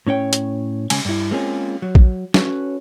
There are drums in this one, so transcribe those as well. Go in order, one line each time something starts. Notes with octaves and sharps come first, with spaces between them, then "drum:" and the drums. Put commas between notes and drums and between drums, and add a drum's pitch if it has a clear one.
A2 C#4 C#5 G5
drum: hi-hat
C#3 G#3 G#5, drum: cymbal
G2 E4
G#3 A#3 C4 C#4 F4 G#4
F#3
drum: kick
C#4 F#4 A4 B4 C#5, drum: snare